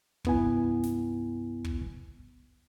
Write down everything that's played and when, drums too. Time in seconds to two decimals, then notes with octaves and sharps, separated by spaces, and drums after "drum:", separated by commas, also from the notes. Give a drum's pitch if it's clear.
0.25 C2 G2 B3 E4 G#5, drum: kick
0.83 drum: snare
1.64 drum: kick